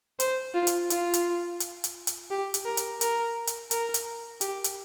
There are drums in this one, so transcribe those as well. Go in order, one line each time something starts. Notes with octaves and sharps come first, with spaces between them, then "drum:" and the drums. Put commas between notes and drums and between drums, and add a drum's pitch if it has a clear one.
C5, drum: hi-hat
F4
drum: hi-hat
F4, drum: hi-hat
drum: hi-hat
drum: hi-hat
drum: hi-hat
drum: hi-hat
G4
drum: hi-hat
A#4
drum: hi-hat
A#4, drum: hi-hat
drum: hi-hat
A#4, drum: hi-hat
drum: hi-hat
G4, drum: hi-hat
drum: hi-hat